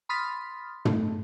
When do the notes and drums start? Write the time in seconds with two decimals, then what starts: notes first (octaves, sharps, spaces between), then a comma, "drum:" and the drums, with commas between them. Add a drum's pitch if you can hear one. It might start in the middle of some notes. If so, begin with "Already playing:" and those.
0.09 B5 C6 D#6 F6 A6 B6
0.85 A3, drum: tom